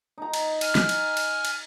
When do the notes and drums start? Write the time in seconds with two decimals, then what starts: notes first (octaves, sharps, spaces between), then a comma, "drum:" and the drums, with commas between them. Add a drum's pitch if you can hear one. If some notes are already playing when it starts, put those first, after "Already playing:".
0.18 D#4 A#5
0.34 drum: cymbal
0.61 G#5 F6, drum: cymbal
0.75 drum: snare
0.89 drum: cymbal
1.17 drum: cymbal
1.45 drum: cymbal